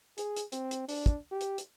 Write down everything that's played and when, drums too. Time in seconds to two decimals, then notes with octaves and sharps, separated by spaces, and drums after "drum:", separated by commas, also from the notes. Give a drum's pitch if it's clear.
0.18 G#4, drum: hi-hat
0.36 drum: hi-hat
0.52 C4, drum: hi-hat
0.71 drum: hi-hat
0.89 D4, drum: open hi-hat
1.06 drum: kick, hi-hat
1.32 G4
1.41 drum: hi-hat
1.58 drum: hi-hat